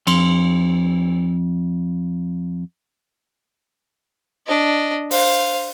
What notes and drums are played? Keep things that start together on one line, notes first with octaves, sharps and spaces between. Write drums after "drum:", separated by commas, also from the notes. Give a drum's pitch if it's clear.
F2 C6, drum: cymbal
D4 D#5
C5 F5, drum: open hi-hat